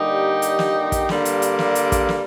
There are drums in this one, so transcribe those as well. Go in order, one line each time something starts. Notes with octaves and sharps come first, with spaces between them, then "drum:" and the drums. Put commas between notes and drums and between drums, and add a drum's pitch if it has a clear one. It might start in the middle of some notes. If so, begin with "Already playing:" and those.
Already playing: D3 G3 A#3 D#4 G4
drum: hi-hat
drum: snare
drum: kick, hi-hat
G2 D3 G3 A#3, drum: snare
drum: hi-hat
drum: hi-hat
drum: snare
drum: hi-hat
drum: kick, hi-hat
drum: snare